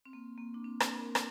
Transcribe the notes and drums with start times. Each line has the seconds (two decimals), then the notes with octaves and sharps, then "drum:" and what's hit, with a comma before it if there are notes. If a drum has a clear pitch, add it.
0.05 C4
0.13 A#3
0.38 A#3
0.54 D4
0.64 C4
0.80 C4, drum: rim click
0.98 A#4
1.15 drum: rim click